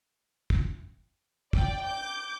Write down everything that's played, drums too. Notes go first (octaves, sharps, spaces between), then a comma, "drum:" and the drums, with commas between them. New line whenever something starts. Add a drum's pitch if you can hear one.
drum: kick
D5 G5, drum: kick
D6 G6